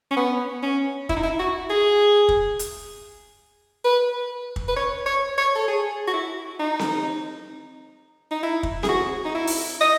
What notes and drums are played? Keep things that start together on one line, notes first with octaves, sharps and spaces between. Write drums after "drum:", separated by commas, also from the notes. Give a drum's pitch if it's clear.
C#4
B3
C#4
E4, drum: kick
D#4
E4
F#4
G#4
drum: kick
drum: hi-hat
B4
drum: kick
B4
C#5
C#5
C#5
A4
G#4
F#4
E4
D#4
drum: snare C4
D#4
E4
drum: kick
G#4, drum: snare C4
F#4
D#4
E4
drum: open hi-hat
D#5